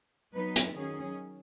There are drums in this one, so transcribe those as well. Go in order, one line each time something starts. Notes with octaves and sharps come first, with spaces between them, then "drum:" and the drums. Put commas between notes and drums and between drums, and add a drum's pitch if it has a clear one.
F#3 B3 D#4 B4
drum: hi-hat
D#3 F#3 C#4 G#4